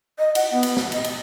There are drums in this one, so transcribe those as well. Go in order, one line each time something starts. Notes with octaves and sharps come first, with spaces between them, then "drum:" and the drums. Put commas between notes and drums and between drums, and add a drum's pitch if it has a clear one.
D#5
F#5, drum: cymbal
B3
drum: cymbal
drum: snare
D#5, drum: cymbal
drum: cymbal